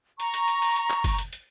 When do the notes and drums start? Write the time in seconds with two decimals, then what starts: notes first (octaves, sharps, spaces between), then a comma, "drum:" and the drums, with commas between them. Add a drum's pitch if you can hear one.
0.20 A#5 C#6, drum: hi-hat
0.34 drum: hi-hat
0.48 drum: hi-hat
0.62 drum: open hi-hat
0.76 drum: hi-hat
0.90 drum: clap
1.04 drum: kick F#1, open hi-hat
1.18 drum: hi-hat
1.33 drum: hi-hat